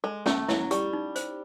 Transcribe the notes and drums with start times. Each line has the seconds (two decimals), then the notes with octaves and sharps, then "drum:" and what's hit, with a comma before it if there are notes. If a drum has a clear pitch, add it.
0.04 G#3 A4
0.26 A3 C#4, drum: snare
0.49 F#3 E4, drum: snare
0.71 G3 G4, drum: hi-hat
0.93 D#4
1.16 C5, drum: hi-hat